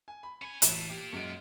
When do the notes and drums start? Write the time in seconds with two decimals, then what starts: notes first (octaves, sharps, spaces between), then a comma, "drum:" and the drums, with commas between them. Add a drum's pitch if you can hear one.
0.08 G#5
0.23 B5
0.42 C#4 G#5 B5
0.62 A1 F#4 A5, drum: hi-hat
0.90 A#3 F4 G4
1.13 F#2 G#3 D7